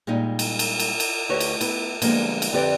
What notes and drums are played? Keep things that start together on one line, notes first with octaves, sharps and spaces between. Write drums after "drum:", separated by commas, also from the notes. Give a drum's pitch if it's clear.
A#2 G3 G#3 D#4
drum: cymbal
drum: cymbal
drum: cymbal
drum: cymbal
D2 G4 B4 C#5 D#5 E5
drum: cymbal
B3 E4, drum: cymbal
D3 F3 G3 G#3 A#3 B3, drum: cymbal
drum: cymbal
F2 D3 C4 G4 B4 D5